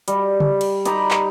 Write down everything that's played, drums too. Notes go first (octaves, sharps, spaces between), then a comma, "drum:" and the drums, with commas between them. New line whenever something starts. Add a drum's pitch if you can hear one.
G3 D#5, drum: hi-hat
drum: tom C#3
drum: cymbal
D#4 G4 A#5 B5, drum: hi-hat
drum: clap